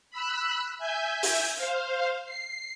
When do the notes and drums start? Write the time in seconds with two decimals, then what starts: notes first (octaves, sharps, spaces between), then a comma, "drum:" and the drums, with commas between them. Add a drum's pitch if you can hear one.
0.11 B5 E6 F#6
0.78 E5 G#5 G6
1.23 drum: open hi-hat
1.56 C5 F5
2.24 C7